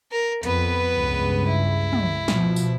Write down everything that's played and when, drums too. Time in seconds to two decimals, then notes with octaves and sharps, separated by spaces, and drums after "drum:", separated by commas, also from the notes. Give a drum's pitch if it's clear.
0.12 A#4
0.43 F2 B3 B4, drum: hi-hat
0.95 C#2 G2
1.48 E4
1.93 drum: tom
2.28 B2 F3, drum: snare
2.56 drum: tambourine